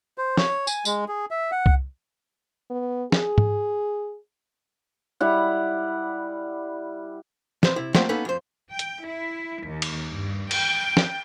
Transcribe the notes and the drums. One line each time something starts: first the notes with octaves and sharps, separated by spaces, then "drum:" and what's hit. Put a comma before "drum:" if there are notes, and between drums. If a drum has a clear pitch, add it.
C5
C#5, drum: snare
G#5, drum: tambourine
G#3, drum: tambourine
G#4
E5
F#5
drum: kick C2
B3
G#4, drum: snare
drum: tom G#2
G3 E4 F#5
E3 F3 C5, drum: snare
C3 E4
A3 A#3 F4 C5 F#5 G5, drum: snare
A#3 B3 C#4 D#4 A4 B4
F2 C5
G5
drum: hi-hat
E4
D#2
drum: cymbal
G2
G5, drum: cymbal
drum: snare